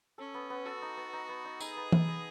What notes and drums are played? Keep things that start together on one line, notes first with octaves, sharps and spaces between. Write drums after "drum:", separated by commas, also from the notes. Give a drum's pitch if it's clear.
C#4 A4
B3
B3
F#4 A4
D#4
B3
D#4
B3
D#4
D#4 G#4, drum: tambourine
B3
B3, drum: tom E3
D#5